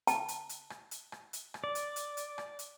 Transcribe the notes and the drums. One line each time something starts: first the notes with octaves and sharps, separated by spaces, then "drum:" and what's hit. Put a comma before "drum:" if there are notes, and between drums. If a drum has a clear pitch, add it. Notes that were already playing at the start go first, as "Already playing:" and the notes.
A5, drum: hi-hat
drum: hi-hat
drum: hi-hat
drum: rim click
drum: hi-hat
drum: rim click
drum: hi-hat
drum: rim click
D5
drum: hi-hat
drum: hi-hat
drum: hi-hat
drum: rim click
drum: hi-hat